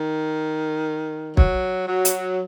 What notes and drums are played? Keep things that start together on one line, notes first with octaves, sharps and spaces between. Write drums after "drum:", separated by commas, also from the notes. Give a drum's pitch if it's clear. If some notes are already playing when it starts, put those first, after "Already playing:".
Already playing: D#3
F#3, drum: kick
F#3
drum: hi-hat